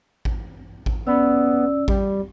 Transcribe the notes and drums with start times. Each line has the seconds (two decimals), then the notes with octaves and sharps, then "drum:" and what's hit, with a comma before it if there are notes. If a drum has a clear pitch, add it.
0.25 drum: kick A1
0.86 drum: kick A1
1.07 B3 C#4 D5 E6
1.88 G3, drum: kick A1